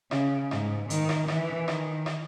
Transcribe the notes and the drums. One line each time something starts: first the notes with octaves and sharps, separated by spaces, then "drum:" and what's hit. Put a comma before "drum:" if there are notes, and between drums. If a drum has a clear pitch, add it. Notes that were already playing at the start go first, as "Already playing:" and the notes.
C#3, drum: rim click
G#2, drum: rim click
D#3, drum: hi-hat
drum: rim click
E3, drum: rim click
D#3, drum: rim click
drum: rim click